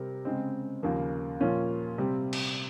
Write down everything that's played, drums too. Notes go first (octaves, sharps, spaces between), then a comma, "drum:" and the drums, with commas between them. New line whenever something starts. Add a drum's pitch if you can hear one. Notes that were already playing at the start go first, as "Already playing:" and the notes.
Already playing: C3 G3 C4 A#4
C#3 G#3 C4
D#2 C#3 F3 A#3
A#2 F3 A#3 C#4 F4
C3 G3 C4
drum: cymbal